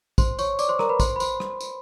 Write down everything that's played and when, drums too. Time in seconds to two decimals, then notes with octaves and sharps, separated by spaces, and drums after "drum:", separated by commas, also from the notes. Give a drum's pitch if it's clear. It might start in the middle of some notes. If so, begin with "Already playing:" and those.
0.18 C5 C6, drum: kick, tambourine
0.39 C#5 C#6, drum: tambourine
0.59 D5 D6, drum: tambourine
0.69 C5 C6
0.79 A#4 A#5, drum: rim click
0.89 B4 B5
1.00 C5 C6, drum: kick, tambourine
1.16 B5
1.20 C5 C6, drum: tambourine
1.40 drum: rim click
1.61 drum: tambourine